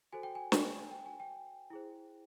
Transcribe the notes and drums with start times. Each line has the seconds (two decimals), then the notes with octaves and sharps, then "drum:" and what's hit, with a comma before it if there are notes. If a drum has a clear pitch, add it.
0.13 F#4 A4 C5 G#5
0.23 G5
0.35 G#5
0.52 G#5, drum: snare
0.91 G5
1.06 G#5
1.20 G5
1.70 E4 G#4 C5